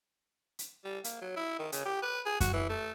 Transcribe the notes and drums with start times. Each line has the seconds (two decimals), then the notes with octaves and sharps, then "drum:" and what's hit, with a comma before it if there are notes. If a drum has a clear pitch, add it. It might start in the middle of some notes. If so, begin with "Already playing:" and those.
0.59 drum: hi-hat
0.85 G3
1.04 A#3, drum: hi-hat
1.21 F#3
1.36 E4
1.59 D#3
1.72 C#3, drum: hi-hat
1.86 G4
2.03 B4
2.26 G#4
2.40 F#4, drum: kick F#2, hi-hat
2.53 E3
2.69 A3